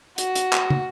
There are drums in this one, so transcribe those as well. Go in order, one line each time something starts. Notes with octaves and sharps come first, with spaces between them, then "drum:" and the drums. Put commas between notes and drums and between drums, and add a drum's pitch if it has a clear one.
F#4, drum: hi-hat
drum: hi-hat
drum: clap
drum: tom